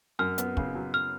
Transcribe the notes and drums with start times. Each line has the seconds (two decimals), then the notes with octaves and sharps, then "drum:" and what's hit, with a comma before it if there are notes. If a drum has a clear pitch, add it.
0.19 F#2 F6
0.38 B3, drum: hi-hat
0.57 C#3, drum: kick
0.75 F#3
0.94 F6